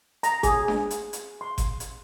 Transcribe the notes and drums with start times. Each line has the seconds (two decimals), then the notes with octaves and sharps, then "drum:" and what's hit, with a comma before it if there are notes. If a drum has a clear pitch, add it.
0.23 A#5, drum: hi-hat
0.43 G#4, drum: kick G1, hi-hat
0.68 drum: snare D4
0.91 drum: hi-hat
1.13 drum: hi-hat
1.41 C6
1.58 drum: kick G1, hi-hat
1.80 drum: hi-hat